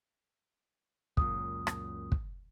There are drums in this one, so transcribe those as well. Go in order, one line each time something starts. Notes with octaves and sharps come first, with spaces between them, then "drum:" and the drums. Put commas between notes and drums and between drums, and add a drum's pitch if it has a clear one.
C#2 F#2 A#2 D#6, drum: kick
drum: rim click
drum: kick